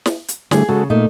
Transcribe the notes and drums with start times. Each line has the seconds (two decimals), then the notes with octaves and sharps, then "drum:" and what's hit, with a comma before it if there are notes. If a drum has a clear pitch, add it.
0.06 drum: snare
0.28 drum: hi-hat
0.51 D3 G3 A3 G#4, drum: snare
0.69 C#3 G#3 F#4 A4
0.90 A#2 A3 D#4